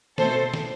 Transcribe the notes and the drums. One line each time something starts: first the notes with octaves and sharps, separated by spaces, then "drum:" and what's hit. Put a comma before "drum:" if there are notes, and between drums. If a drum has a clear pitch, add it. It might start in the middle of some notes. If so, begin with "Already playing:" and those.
B2 A3 C4 A4 C5, drum: snare
drum: snare